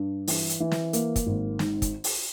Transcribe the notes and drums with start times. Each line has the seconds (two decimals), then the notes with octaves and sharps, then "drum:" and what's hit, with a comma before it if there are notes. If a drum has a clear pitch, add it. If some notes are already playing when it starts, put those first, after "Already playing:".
Already playing: G2
0.27 E3, drum: open hi-hat
0.49 drum: hi-hat
0.60 E3
0.72 drum: snare
0.93 A#3, drum: hi-hat
1.16 drum: kick, hi-hat
1.27 G#1
1.59 G#2, drum: snare
1.82 drum: kick, hi-hat
2.04 drum: open hi-hat